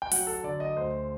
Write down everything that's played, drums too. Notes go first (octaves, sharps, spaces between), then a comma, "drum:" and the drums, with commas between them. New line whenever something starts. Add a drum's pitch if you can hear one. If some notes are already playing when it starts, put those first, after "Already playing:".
G5
F#3 F#5, drum: open hi-hat
A4
D3 D5
D#5
D2 C5